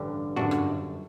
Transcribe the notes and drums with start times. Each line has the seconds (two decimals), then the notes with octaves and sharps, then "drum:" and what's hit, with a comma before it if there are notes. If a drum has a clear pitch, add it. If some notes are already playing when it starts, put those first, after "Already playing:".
Already playing: A1 G2 D3 G3
0.36 G1 F#2 D3 D4 F#4, drum: tom
0.51 drum: rim click